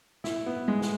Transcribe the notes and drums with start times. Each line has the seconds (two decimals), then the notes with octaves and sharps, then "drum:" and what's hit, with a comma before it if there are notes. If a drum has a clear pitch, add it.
0.24 E4, drum: snare
0.46 B3
0.68 G#3
0.82 drum: snare